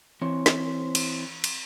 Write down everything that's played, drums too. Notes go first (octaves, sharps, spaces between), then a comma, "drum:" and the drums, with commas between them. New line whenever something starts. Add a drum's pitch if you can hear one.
E3 C4 C5 C#5
drum: snare
drum: cymbal
drum: cymbal